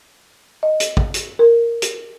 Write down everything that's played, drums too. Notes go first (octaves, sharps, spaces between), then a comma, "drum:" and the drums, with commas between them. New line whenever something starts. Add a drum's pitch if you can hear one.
D#5
drum: hi-hat
drum: kick
drum: hi-hat
A#4
drum: hi-hat